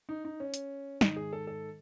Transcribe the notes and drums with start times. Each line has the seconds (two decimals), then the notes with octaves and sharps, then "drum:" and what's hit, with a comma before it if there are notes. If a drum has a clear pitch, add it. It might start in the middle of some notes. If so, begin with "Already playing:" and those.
0.09 D#4
0.25 D#4
0.40 C#4
0.54 drum: hi-hat
1.01 G#2 D#3 D#4, drum: snare
1.16 G#4
1.33 A4
1.47 A4